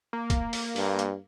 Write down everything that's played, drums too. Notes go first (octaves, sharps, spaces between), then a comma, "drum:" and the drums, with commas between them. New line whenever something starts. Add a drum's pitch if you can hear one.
A#3
drum: kick, hi-hat
drum: open hi-hat
G2, drum: open hi-hat
drum: hi-hat